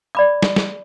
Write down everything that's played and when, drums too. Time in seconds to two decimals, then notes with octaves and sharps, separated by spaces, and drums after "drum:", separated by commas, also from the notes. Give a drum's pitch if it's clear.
0.15 D5 B5 D6
0.43 drum: snare
0.56 drum: snare